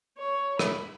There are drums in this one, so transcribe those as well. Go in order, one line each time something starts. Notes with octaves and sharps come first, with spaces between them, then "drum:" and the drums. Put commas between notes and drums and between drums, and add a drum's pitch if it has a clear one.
C#5
B5, drum: rim click